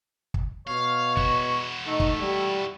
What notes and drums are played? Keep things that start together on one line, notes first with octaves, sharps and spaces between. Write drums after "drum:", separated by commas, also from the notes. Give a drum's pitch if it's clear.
drum: kick
B2 C#5 F5
E4 F#4, drum: kick
A3 D#4
drum: kick
G3